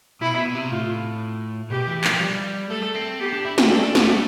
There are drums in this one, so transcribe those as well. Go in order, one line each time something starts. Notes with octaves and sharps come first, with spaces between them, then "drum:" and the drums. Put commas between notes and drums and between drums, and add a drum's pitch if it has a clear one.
B2 E4
B2
C3
A2 F4
B2 G4
E3
F3, drum: clap
G3
A3 A4
C4
B3 G4
D4
E4
E4, drum: snare
D4 A4
A3, drum: snare